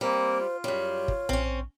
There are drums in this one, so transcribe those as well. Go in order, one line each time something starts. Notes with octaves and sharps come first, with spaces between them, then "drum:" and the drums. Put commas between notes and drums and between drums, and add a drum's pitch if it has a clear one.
G3 A#3 C4 A#4 C5
F4
F#2 G3 C#5
drum: kick
C4 C#4, drum: tom A#1